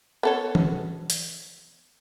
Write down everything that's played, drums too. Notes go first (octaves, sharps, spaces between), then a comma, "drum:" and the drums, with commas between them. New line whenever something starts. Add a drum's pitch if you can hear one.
B3 A4 C#5
drum: tom E3
drum: hi-hat